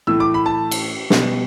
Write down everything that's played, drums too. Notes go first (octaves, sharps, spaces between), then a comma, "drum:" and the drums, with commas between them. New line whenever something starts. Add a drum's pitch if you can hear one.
A2 E3 A3 E6
D6
B5
A5
drum: cymbal
B2 G3, drum: snare